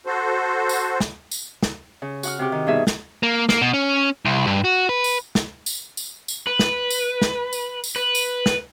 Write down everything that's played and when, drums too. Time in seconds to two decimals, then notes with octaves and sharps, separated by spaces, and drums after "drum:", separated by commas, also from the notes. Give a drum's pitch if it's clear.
0.06 F#4 A4 C5
0.69 drum: tambourine
1.00 drum: snare
1.31 drum: tambourine
1.63 drum: snare
2.02 C#3
2.23 F#4 F#5 F6, drum: tambourine
2.39 C3 F#4 G4
2.52 D#3
2.66 G2 B2 D#4 G#4 E5
2.87 drum: snare
3.23 A#3
3.49 A#3, drum: snare
3.62 B2
3.74 C#4
4.25 C2
4.47 G2
4.64 F#4
4.89 B4
5.04 drum: tambourine
5.35 drum: snare
5.66 drum: tambourine
5.97 drum: tambourine
6.28 drum: tambourine
6.47 B4
6.59 drum: snare
6.90 drum: tambourine
7.22 drum: snare
7.53 drum: tambourine
7.84 drum: tambourine
7.96 B4
8.15 drum: tambourine
8.46 drum: snare